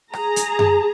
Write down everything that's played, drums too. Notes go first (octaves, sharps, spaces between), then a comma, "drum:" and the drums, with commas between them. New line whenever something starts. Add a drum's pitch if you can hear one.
G#4 A#5, drum: rim click
drum: hi-hat
drum: tom F#2